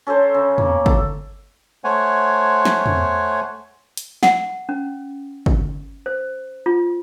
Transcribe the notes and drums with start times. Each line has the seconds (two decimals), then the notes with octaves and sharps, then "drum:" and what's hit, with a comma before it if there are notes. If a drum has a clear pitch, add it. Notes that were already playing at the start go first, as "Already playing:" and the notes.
0.07 C#4 A4 A#4 C5
0.34 C#3
0.58 A#3, drum: tom E2
0.86 A4, drum: kick
1.84 A3 C5 C#5 F#5 G#5
2.65 drum: snare
2.86 drum: tom E2
3.97 drum: hi-hat
4.23 F#5, drum: snare
4.69 C#4
5.46 drum: kick
6.06 C5
6.66 F4